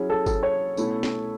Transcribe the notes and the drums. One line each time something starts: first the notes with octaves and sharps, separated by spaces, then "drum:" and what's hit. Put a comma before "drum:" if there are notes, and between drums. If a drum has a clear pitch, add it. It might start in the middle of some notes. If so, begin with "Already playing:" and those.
Already playing: F#3 C#4 E4 G#4
A4
A4, drum: kick G1, tambourine
C#5
B2 A3 C#4 E4, drum: tambourine
drum: snare